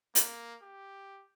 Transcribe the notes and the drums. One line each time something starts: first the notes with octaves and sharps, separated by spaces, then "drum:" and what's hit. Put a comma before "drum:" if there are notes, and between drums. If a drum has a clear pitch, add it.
A#3, drum: hi-hat
G4